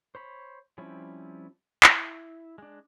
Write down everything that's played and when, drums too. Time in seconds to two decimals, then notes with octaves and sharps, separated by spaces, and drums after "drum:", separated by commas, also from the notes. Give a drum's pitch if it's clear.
0.15 C5 C#5 B5
0.78 F3 G3 C4 C#4 E4
1.83 E4, drum: clap
2.58 G#3 D4